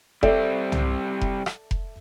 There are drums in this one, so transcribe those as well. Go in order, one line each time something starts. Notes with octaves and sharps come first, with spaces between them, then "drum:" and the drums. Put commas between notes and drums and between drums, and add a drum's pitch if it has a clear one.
G3 C4 A4 D5 E5, drum: kick F1
drum: tom
drum: kick F1
drum: rim click
drum: kick F1